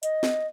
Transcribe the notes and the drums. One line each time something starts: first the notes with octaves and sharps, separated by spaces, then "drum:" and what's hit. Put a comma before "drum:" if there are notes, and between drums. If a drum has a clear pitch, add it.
D#5, drum: hi-hat
drum: snare